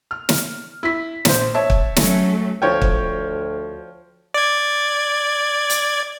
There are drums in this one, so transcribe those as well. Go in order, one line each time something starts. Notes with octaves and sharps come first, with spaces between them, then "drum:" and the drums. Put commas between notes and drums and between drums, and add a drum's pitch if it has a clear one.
F6
drum: snare
E4 B6
A#1 C5, drum: snare
C#5 E5 A5
drum: kick
F#3 A3 C#4, drum: snare
D2 F3 C#5 G5
drum: kick
D5 G#6
drum: hi-hat